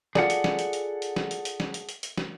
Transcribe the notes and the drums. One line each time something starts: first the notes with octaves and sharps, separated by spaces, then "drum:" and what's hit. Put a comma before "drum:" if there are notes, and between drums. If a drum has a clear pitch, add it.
F4 G#4 A4 D5 F#5, drum: snare
drum: hi-hat
drum: snare
drum: hi-hat
drum: hi-hat
drum: hi-hat
drum: snare
drum: hi-hat
drum: hi-hat
drum: snare
drum: hi-hat
drum: hi-hat
drum: hi-hat
drum: snare